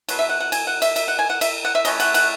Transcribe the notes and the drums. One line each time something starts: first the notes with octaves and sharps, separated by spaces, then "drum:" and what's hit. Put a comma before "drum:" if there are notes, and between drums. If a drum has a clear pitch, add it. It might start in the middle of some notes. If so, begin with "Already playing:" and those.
B2 F#3, drum: cymbal
E5
F#5
F#5
G#5, drum: cymbal
F#5
E5, drum: cymbal
E5, drum: cymbal
F#5
G#5
F#5
E5, drum: cymbal
F#5
E5
E3 A3 C#4 D#5, drum: cymbal
F#5, drum: cymbal
F#5, drum: cymbal